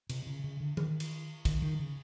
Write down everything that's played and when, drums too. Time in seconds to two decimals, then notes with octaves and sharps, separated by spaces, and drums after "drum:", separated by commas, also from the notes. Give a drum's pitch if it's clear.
0.09 C3, drum: cymbal
0.27 C#3
0.44 C#3
0.60 D3
0.77 D#3, drum: tom E3
1.00 drum: cymbal
1.45 D#3, drum: kick, cymbal
1.62 D#3
1.79 C#3